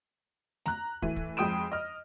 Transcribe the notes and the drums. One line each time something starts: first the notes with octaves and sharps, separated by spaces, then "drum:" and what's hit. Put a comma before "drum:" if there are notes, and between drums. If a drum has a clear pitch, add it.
A#5 F#6, drum: snare
E3 A3 D#7, drum: kick
drum: kick
F2 G#3 G5 D#6 D7 E7
D#5 F6